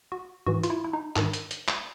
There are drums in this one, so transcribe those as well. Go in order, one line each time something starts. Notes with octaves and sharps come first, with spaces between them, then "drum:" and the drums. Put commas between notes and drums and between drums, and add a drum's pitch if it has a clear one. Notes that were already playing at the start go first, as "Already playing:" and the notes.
F#4
G#2 E3 F#4
F4, drum: hi-hat
E4
E4
D#4
G#2 D#3 D4, drum: clap
drum: hi-hat
drum: hi-hat
drum: clap